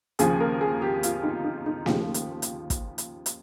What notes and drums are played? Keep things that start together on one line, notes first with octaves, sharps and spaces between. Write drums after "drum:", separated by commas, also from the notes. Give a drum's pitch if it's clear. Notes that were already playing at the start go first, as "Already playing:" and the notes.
D#2 C#3 F3 G#4, drum: hi-hat
A#4
G#4
G4
F4, drum: hi-hat
D#4
D#4
D#4
D#2 C#3 F3 G4, drum: snare
drum: hi-hat
drum: hi-hat
drum: kick, hi-hat
drum: hi-hat
drum: hi-hat